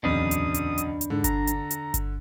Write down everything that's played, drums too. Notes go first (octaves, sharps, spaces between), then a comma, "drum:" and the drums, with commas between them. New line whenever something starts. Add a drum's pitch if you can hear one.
D1 B1 E2 C#3 C4 D4 B4 D#6
drum: hi-hat
drum: hi-hat
drum: hi-hat
drum: hi-hat
G#2 D3
A#5, drum: kick G1, hi-hat
drum: hi-hat
drum: hi-hat
drum: kick G1, hi-hat